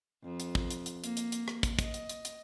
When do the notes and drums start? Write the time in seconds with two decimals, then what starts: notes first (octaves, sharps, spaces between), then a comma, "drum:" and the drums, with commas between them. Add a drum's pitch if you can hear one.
0.24 F2
0.40 drum: hi-hat
0.55 drum: kick
0.71 drum: hi-hat
0.86 drum: hi-hat
1.04 A#3, drum: hi-hat
1.17 drum: hi-hat
1.32 drum: hi-hat
1.48 drum: rim click
1.63 drum: kick, hi-hat
1.79 D#5, drum: kick, hi-hat
1.94 drum: hi-hat
2.09 drum: hi-hat
2.25 drum: hi-hat